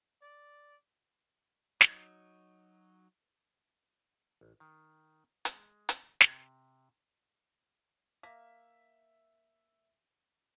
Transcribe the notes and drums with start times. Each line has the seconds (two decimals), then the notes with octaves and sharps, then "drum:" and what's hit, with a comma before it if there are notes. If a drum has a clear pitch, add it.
0.22 D5
1.81 F#3 D#4, drum: snare
4.41 A1
4.60 D#3
5.45 G#3, drum: hi-hat
5.89 drum: hi-hat
6.21 C3, drum: snare
8.23 A#3 E5 B6